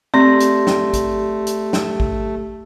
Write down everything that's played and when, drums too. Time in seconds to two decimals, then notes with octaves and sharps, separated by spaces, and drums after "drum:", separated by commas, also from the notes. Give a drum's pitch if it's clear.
0.14 A3 C4 G4 D5 C6 A#6
0.40 drum: hi-hat
0.67 drum: snare
0.93 drum: kick A1, hi-hat
1.47 drum: hi-hat
1.73 drum: snare
2.00 drum: kick A1